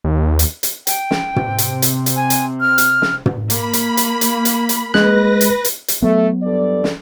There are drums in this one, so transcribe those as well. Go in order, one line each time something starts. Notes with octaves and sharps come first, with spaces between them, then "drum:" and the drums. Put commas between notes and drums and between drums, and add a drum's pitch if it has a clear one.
D#2
drum: hi-hat
drum: hi-hat
G5, drum: hi-hat
drum: snare
C3 C4, drum: tom
drum: hi-hat
drum: hi-hat
drum: hi-hat
G#5
drum: hi-hat
F6
drum: hi-hat
drum: snare
drum: tom
A#3 B5, drum: hi-hat
drum: hi-hat
drum: hi-hat
drum: hi-hat
drum: hi-hat
drum: hi-hat
G#3 B4 F#6 A#6, drum: snare
drum: hi-hat
drum: hi-hat
drum: hi-hat
F#3 A3 B3
G2 A4 D5
drum: snare